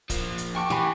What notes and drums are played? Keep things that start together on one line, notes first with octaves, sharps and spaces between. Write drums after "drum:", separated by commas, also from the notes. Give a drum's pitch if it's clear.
F3 A#3, drum: kick, hi-hat
drum: hi-hat
F#4 G5 A5 C#6 D6
E3 G4 G#5 B5